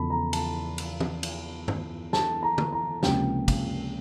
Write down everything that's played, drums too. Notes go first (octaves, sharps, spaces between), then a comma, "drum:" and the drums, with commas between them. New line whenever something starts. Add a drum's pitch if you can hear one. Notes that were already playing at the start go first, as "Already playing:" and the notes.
Already playing: E2 C#3 F3 A5 B5
A#5
A5, drum: cymbal
drum: cymbal
drum: tom
drum: cymbal
drum: tom
A5, drum: snare
A#5
drum: tom
A#5
C#2 C3 F3 A#3 C#4 G5, drum: snare
drum: kick, cymbal